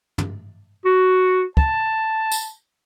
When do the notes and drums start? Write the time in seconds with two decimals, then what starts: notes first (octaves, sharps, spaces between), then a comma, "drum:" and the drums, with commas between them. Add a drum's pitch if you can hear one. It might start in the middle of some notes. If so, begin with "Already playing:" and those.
0.18 drum: tom
0.85 F#4
1.57 A5, drum: kick
2.32 drum: tambourine